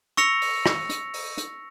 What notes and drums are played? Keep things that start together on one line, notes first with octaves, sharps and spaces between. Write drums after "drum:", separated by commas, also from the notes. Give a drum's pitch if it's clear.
C#6 E6 A#6 C#7 F7, drum: hi-hat
drum: open hi-hat
drum: rim click
drum: hi-hat
drum: open hi-hat
drum: hi-hat